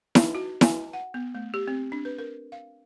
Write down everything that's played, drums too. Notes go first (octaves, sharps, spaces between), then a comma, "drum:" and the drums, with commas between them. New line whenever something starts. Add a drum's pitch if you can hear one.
D#4, drum: snare E4
F#4
G#5, drum: snare E4
F#5
B3
A3
G4
C4
D4
B4
A#4
F5